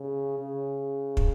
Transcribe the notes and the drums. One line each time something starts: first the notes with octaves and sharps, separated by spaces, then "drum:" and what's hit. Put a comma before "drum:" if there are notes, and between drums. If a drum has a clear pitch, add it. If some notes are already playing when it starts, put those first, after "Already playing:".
Already playing: C#3
C#3
drum: kick